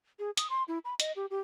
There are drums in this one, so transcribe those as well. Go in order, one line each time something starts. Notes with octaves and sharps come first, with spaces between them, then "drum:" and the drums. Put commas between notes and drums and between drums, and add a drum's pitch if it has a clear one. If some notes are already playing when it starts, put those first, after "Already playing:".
G#4
D#6, drum: hi-hat
C6
E4
B5
D#5, drum: hi-hat
G4
G4